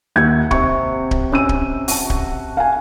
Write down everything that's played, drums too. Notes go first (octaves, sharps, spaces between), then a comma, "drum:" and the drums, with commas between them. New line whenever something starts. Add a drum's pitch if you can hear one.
D#2 G4 E5 F#5 G#6
C3 C#6, drum: kick D1
drum: kick D1
C#4 D6 E6 D#7
drum: kick D1
F#4 A5, drum: open hi-hat
drum: kick D1
F5 G#5